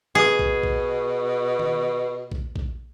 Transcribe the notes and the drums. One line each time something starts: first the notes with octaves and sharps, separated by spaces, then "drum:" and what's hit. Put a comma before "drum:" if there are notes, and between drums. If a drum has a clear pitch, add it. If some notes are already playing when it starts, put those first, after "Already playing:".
B2 G#4
drum: kick
drum: kick
drum: tom D#3
drum: kick
drum: kick